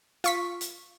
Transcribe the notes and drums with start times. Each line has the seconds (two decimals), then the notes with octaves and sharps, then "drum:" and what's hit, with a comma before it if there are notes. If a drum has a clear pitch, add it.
0.24 F4 C#6 B6, drum: hi-hat
0.61 drum: hi-hat